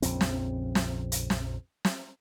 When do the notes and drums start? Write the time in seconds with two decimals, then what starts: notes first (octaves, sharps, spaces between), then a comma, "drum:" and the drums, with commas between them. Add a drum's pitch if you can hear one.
0.02 A#1 F2 C#3 C4, drum: hi-hat
0.21 drum: snare
0.75 drum: snare
1.12 drum: hi-hat
1.30 drum: snare
1.85 drum: snare